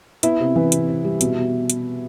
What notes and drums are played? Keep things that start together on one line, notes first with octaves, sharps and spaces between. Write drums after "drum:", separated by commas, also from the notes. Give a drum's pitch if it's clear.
B3 E4 E5, drum: hi-hat
C3
E3
C3, drum: hi-hat
C3
G3
B2, drum: hi-hat
B2
drum: hi-hat